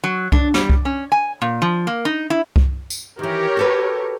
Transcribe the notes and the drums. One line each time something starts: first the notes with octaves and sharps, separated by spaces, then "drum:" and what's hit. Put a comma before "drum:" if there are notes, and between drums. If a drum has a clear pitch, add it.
F#3
D4, drum: kick C2
G3, drum: snare
drum: kick C2
C#4
G#5
A#2
F3
A#3
D#4
E4
drum: kick C2
drum: tambourine
D#3 E3 G4 A#4 C#5
F#4 A4 B4